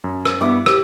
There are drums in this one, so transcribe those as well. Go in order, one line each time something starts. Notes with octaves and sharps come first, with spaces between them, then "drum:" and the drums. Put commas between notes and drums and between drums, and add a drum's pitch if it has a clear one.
F#2
drum: rim click
G2 B3 E4 D6 D#6
G4 E6, drum: rim click